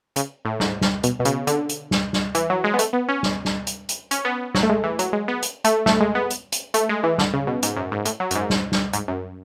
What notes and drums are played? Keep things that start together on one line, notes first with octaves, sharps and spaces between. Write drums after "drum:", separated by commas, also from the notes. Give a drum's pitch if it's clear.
C#3, drum: hi-hat
A2
G#2, drum: snare
drum: snare
B2, drum: hi-hat
B2
C#3, drum: hi-hat
D3, drum: hi-hat
drum: hi-hat
drum: snare
drum: snare
E3, drum: hi-hat
F#3
G#3
B3
A3, drum: hi-hat
B3
C#4
drum: snare
drum: snare
drum: hi-hat
drum: hi-hat
C#4, drum: hi-hat
B3
F#3, drum: snare
A3
G#3
E3
F#3, drum: hi-hat
G#3
B3
drum: hi-hat
A3, drum: hi-hat
A3, drum: snare
G#3
B3
drum: hi-hat
drum: hi-hat
A3, drum: hi-hat
G#3
E3
D3, drum: snare
C#3
B2
G#2, drum: hi-hat
F#2
G#2
A2, drum: hi-hat
F#3
F#2, drum: hi-hat
G#2
drum: snare
drum: snare
G#2, drum: hi-hat
F#2